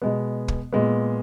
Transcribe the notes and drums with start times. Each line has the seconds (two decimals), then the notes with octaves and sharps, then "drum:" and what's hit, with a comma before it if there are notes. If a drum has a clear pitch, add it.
0.02 B2 G#3 B3
0.48 drum: kick
0.73 A#2 G#3 B3